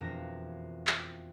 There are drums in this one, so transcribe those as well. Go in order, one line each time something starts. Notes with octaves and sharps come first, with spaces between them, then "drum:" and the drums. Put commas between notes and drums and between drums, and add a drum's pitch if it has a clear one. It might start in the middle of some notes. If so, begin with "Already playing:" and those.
E1 F2 E3 A#4 E5 A#6
drum: clap